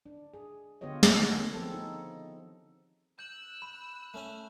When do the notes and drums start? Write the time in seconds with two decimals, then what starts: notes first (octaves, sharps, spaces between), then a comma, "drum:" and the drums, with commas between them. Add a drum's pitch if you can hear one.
0.06 D4
0.34 G#4
0.81 D3 B3 F4 G4 C#5 D#5
1.03 D#3 B3 G#4 C#5 F#5, drum: snare
1.54 F3 C4 A4
1.73 D#4
3.19 E6 F#6 G6 F#7
3.62 B5
4.14 A3 C#4 G#5